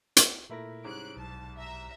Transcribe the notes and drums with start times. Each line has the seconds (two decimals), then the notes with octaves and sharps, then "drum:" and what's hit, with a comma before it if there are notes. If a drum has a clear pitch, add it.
0.17 drum: hi-hat
0.50 A#2 A3 E4 A#4 B5 A#6
0.84 C2 G#2 C#4 G#4 C#5 F#6 D7
1.17 B1 A5
1.58 E5 A#5